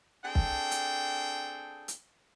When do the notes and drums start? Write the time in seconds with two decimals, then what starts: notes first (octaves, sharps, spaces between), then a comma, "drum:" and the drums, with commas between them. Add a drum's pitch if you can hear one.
0.25 C4 D4 G#4 A4 G5
0.35 drum: kick
0.71 drum: hi-hat
1.88 drum: hi-hat